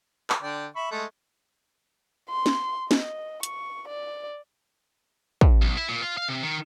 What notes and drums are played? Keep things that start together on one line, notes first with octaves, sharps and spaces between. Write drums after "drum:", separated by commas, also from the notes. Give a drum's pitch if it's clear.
drum: clap
D3 D5 G5
E5 B5 C#6
G#3 A3
C6
drum: snare
D#5, drum: snare
C#6, drum: hi-hat
D5
drum: kick
B1
E4
A#2
F4
F5
C3
D#3